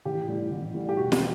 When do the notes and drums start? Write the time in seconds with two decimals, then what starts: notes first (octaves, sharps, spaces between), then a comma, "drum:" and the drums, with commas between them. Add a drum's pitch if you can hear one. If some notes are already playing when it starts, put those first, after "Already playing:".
0.05 A1 G4
0.28 A2 G3
0.51 A1
0.74 A2 G3
0.89 G4
0.97 E1 F#4
1.12 G4, drum: snare